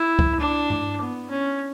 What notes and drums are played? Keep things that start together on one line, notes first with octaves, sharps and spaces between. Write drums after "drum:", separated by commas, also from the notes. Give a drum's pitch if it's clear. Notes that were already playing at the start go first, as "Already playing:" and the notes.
Already playing: E4
drum: kick C#2
D4
drum: tom G2
B3
C#4